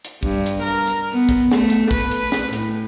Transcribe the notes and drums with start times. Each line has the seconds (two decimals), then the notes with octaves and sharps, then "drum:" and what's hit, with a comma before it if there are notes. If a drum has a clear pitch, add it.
0.05 drum: hi-hat
0.23 G2, drum: kick
0.46 drum: hi-hat
0.62 A#4
0.87 drum: hi-hat
1.12 B3
1.29 drum: kick, hi-hat
1.51 A3, drum: snare
1.70 drum: hi-hat
1.91 B4, drum: kick
2.11 drum: hi-hat
2.32 drum: snare
2.53 A2, drum: hi-hat